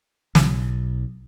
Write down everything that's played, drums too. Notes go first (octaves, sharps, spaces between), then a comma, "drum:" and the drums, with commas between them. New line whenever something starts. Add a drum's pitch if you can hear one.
B1, drum: snare